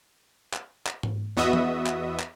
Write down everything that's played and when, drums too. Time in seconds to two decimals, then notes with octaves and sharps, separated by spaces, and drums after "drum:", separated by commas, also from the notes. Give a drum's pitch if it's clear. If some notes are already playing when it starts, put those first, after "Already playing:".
0.54 drum: clap
0.87 drum: clap
1.03 drum: tom G#2
1.37 E2 B3 F#4 D#5 E5 D#6
1.53 drum: tom E3
1.86 drum: clap
2.20 drum: clap